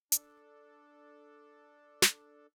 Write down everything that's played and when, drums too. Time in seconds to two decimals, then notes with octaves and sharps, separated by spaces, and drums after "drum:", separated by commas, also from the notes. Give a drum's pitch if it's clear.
0.12 D4 A4, drum: hi-hat
2.02 drum: snare